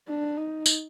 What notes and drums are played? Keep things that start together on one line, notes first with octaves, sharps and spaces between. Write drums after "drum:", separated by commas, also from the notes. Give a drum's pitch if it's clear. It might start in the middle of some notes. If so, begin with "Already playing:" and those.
D4
D#4
drum: tambourine